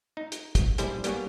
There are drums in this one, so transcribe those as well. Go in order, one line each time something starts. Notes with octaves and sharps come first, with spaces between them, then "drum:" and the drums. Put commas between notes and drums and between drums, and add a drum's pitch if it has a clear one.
D#4
drum: hi-hat
drum: kick, hi-hat
A#1 G3 E4 G#4 C5, drum: hi-hat
G3 A#3 B3 G#4 C#5, drum: hi-hat